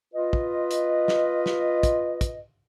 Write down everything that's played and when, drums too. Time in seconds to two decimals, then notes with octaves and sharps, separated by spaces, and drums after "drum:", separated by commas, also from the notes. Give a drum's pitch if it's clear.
0.14 F4 B4 D#5
0.33 drum: kick
0.71 drum: hi-hat
1.08 drum: snare
1.46 drum: snare
1.83 drum: kick, hi-hat
2.21 drum: kick, hi-hat